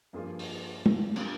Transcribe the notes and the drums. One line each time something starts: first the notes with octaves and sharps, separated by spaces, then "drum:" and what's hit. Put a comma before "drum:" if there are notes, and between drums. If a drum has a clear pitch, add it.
G2 F3 A#3 F4 G#4
drum: open hi-hat
drum: tom
D3 G3 A#3 F4, drum: cymbal